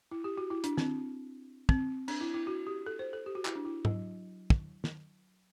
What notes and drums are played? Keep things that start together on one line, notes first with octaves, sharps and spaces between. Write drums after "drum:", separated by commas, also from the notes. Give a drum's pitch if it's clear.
E4
G4
F#4
E4
D4, drum: hi-hat
C4, drum: snare
C4, drum: kick
D4, drum: cymbal
E4
E4
F#4
G4
A4
C5
A4
G4
F#4
E4, drum: clap
D4
E4
F#3, drum: tom G#2
drum: kick
drum: snare